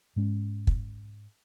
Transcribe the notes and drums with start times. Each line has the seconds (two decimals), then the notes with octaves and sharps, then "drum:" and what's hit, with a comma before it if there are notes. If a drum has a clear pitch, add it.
0.16 G#2 G#3 C#4
0.67 drum: kick